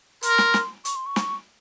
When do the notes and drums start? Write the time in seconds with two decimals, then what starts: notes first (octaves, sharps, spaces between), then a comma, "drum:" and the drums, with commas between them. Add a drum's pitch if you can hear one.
0.23 A#4 C6, drum: hi-hat
0.38 drum: snare
0.54 drum: snare
0.85 C#6, drum: hi-hat
0.96 C6
1.06 C#6
1.16 drum: snare